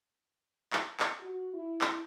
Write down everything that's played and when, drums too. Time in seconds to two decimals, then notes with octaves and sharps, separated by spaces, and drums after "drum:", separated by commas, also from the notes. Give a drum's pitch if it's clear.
0.73 drum: clap
1.00 drum: clap
1.20 F#4
1.54 E4
1.81 drum: clap